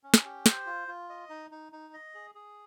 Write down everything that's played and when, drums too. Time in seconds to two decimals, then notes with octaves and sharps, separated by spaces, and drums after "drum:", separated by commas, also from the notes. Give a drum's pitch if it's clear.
0.03 C#4
0.14 drum: snare
0.25 G4
0.46 C5, drum: snare
0.66 F4
0.88 F4
1.09 D#5
1.29 D#4
1.51 D#4
1.72 D#4
1.94 D#5
2.14 G#4
2.35 G#4